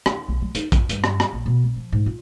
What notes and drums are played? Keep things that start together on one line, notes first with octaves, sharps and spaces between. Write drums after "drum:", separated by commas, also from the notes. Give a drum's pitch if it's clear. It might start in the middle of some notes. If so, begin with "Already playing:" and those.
D#3, drum: rim click
B1
F#3
D#4, drum: hi-hat
F4, drum: kick A#1, hi-hat
G2, drum: hi-hat
drum: rim click
drum: rim click
A#1
B2
C2
F3
G#2
F4